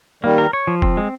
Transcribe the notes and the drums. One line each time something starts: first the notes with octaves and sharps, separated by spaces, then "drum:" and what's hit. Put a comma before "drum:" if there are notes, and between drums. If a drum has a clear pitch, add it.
D#3 G3 A#3
A#4
C#5
F3
C4, drum: kick F1
G#3